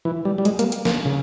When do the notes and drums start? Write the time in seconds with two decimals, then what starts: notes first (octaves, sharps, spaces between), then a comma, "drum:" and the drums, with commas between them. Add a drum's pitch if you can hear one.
0.05 E3
0.25 G3
0.38 G3
0.45 G#3, drum: hi-hat
0.59 A#3, drum: hi-hat
0.72 drum: hi-hat
0.85 A#3, drum: snare
1.05 C#3